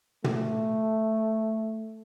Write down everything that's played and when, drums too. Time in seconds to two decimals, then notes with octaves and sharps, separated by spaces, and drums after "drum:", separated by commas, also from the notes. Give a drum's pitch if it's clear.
0.24 A3, drum: tom